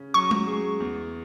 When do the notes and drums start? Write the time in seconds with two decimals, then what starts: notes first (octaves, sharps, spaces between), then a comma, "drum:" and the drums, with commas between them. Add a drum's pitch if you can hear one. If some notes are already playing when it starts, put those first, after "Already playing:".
Already playing: C#3 C#4
0.14 F#3 C#6
0.31 drum: tom G#3
0.47 G#4
0.80 E2